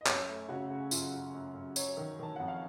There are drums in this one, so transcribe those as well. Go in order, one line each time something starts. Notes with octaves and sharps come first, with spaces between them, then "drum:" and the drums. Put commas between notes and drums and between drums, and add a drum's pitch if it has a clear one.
D#5
F#2 C#5, drum: clap
A3
C#3 F#4
C#3
F#2 F4, drum: tambourine
F#2
F#2
F#2
F#3 C#5, drum: tambourine
D#3
D#3 A5
F2 F#5
F5